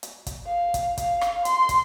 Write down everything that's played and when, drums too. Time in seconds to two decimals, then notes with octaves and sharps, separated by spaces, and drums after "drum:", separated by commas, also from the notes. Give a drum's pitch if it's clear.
0.03 drum: hi-hat
0.26 drum: kick, hi-hat
0.46 F5
0.74 drum: kick, hi-hat
0.98 F5, drum: kick, hi-hat
1.21 drum: rim click
1.45 C6, drum: hi-hat
1.69 drum: kick, hi-hat